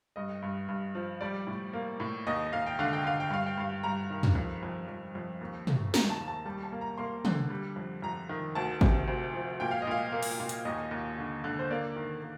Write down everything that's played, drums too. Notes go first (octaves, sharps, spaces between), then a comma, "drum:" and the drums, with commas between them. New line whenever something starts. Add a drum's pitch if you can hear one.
G2 D#5
G2
G2
F3
G3 D5
A2
A#3
A2
D#2 D#5
D#2 F5
G5
D3 F5
G5
D3 F5
G5
G2 F5
G5
G2 F5
G2 A#5
D#3
drum: tom
F2
F2
F2
F2
D#2
A3, drum: tom
D#3 A#5, drum: snare
A5
D#2
A5
G3 A5
A5
A#3
A#5
A#3 C6
D3, drum: tom
G3
F2
F2 A#5
D#3
D2 A5
C3, drum: kick G#1
D2
F3
A#2 G5
F5
D#5
A#2 F5
A#3
drum: open hi-hat
A#2
drum: hi-hat
D#2 D#5
D#2
D3
D3
C5
A#3 D5
D#3
A#3